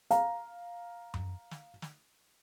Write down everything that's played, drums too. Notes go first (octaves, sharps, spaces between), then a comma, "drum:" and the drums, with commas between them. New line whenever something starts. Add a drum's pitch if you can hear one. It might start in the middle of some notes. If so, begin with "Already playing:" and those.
F5 A#5, drum: hi-hat
drum: tom F#2
drum: snare
drum: snare